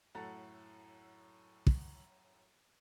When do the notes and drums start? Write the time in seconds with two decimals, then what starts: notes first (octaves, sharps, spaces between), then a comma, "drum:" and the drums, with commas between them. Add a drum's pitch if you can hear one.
0.15 F#2 A2 A4 F#5 A#5 A6
1.67 drum: kick